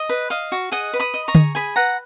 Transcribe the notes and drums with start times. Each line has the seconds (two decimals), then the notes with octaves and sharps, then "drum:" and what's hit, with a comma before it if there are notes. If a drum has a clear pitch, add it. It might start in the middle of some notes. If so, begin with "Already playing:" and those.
Already playing: D#5
0.09 B4
0.30 D#5 F5
0.52 F#4
0.72 G#4 D#5 F#5
0.93 B4
1.00 B5 D#6
1.14 D#5
1.28 A#5 C#6
1.35 G#4, drum: tom D3
1.55 G#4 G#5 B5
1.76 B4 F#5 A#5